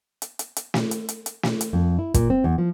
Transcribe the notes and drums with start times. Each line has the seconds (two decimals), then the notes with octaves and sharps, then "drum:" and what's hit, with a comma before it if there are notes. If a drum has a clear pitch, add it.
0.22 drum: hi-hat
0.39 drum: hi-hat
0.56 drum: hi-hat
0.74 drum: snare
0.91 drum: hi-hat
1.09 drum: hi-hat
1.26 drum: hi-hat
1.43 drum: snare
1.61 drum: hi-hat
1.73 F2
1.99 E4
2.14 A#2, drum: kick, hi-hat
2.30 C4
2.44 E2
2.58 F3